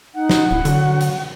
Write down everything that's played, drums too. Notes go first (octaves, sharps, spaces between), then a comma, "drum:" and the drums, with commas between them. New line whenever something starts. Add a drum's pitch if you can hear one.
D#4 F#5
drum: snare
D1 E4
D3 F#3, drum: hi-hat
drum: hi-hat